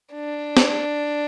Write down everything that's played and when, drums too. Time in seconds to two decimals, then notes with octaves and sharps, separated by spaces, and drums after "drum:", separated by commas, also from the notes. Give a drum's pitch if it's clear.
0.14 D4
0.57 drum: snare